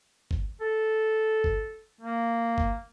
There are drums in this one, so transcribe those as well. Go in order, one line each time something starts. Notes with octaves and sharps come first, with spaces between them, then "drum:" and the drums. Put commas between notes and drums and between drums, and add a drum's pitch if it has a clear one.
drum: kick F#1
A4
drum: kick F#1
A#3
drum: kick F#1